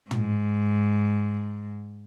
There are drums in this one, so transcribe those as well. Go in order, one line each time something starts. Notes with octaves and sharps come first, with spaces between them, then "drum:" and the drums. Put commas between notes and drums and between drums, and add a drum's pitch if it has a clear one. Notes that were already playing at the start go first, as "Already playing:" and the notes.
G#2, drum: tom